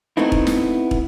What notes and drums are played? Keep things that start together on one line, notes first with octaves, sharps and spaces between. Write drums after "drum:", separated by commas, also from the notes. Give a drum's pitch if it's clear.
A3 B3 C4 D#4 E4
drum: kick
drum: snare
drum: kick